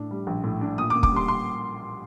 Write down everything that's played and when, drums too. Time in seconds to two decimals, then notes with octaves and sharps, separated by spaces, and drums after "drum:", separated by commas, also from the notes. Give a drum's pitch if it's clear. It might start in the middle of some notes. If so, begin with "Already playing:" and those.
Already playing: A2 D4
0.11 G3
0.27 A#1
0.44 A2
0.61 D4
0.78 A#2 D#6
0.90 D6
0.95 A#3
1.03 D6, drum: kick
1.11 G3 C6
1.28 C6